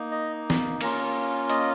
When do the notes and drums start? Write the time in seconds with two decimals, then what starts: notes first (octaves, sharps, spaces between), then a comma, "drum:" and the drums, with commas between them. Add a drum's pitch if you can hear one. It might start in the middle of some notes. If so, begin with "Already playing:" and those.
Already playing: A#3 D#4
0.12 D#5
0.50 drum: snare
0.81 A#3 C#4 F4 A#4, drum: cymbal
1.49 D#5, drum: hi-hat